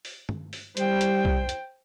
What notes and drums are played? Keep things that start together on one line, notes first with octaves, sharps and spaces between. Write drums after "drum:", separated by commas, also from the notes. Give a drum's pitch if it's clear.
drum: open hi-hat
drum: tom
drum: open hi-hat
G3 C5 G5, drum: hi-hat
drum: hi-hat
drum: kick
drum: hi-hat